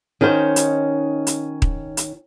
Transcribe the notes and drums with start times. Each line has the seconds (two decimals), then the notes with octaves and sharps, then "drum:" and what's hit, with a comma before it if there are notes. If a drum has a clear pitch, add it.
0.21 D#3 C#4 D#4 F#4 C5
0.56 drum: hi-hat
1.27 drum: hi-hat
1.62 drum: kick D#1
1.97 drum: hi-hat